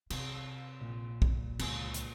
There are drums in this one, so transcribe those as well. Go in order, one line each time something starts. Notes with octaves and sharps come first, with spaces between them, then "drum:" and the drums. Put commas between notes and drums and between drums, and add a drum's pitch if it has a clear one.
C3, drum: cymbal
A#1 A#2
drum: kick
C#2 D3, drum: cymbal
drum: hi-hat